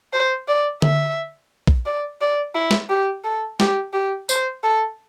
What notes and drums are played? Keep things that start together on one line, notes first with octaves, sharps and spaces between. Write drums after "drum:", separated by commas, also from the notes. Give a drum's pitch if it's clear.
C5
D5
E5, drum: tom D3
drum: kick A#1
D5
D5
E4
drum: snare
G4
A4
G4, drum: snare
G4
C5, drum: tambourine
A4